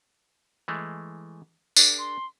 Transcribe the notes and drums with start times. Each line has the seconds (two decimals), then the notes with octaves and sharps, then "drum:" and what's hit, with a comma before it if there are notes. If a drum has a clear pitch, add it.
0.68 E3 G#3 A3
1.77 D4 G#4 A#4, drum: tambourine
1.99 C6